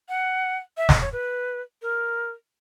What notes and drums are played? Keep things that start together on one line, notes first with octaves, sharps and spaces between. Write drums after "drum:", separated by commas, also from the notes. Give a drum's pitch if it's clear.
F#5
E5
D#5, drum: snare
C#5
B4
A#4